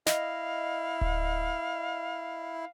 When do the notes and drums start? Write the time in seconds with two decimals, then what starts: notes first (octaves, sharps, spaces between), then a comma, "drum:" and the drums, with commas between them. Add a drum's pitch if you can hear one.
0.06 E4 D#5 F5, drum: snare
1.01 drum: kick D1